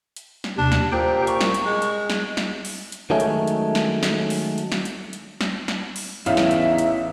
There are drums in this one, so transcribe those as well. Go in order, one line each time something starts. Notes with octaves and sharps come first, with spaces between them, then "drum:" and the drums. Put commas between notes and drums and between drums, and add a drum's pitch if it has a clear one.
drum: hi-hat
drum: snare
D#2 C3 D4
drum: snare
A#2 G4 C5 G5
C#6, drum: hi-hat
drum: snare
drum: hi-hat
G#3
drum: hi-hat
drum: snare
drum: snare
drum: open hi-hat
drum: hi-hat
D#3 F#3 G#3 A3 C#4
drum: hi-hat
drum: hi-hat
drum: snare
drum: snare
drum: open hi-hat
drum: hi-hat
drum: snare
drum: hi-hat
drum: hi-hat
drum: snare
drum: snare
drum: open hi-hat
A1 E2 D#4 E4 C#5 E5 F5, drum: hi-hat
drum: snare
drum: hi-hat
drum: hi-hat